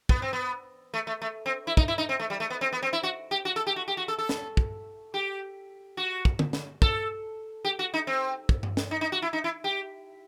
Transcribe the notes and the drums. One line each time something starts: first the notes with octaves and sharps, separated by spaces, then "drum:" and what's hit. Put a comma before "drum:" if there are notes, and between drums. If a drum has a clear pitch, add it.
B3, drum: kick
C4
B3
A3
A3
A3
C4
E4
D#4, drum: kick
E4
D#4
C4
A3
G3
A3
B3
C4
B3
C4
E4
F#4
G4
F#4
A4
G4
F#4
G4
F#4
A4
A4
drum: snare
drum: kick
G4
F#4
drum: kick
drum: tom
drum: snare
A4, drum: kick
G4
F#4
D#4
C4
drum: kick
drum: tom G2
drum: snare
D#4
D#4
F#4
E4
D#4
E4
G4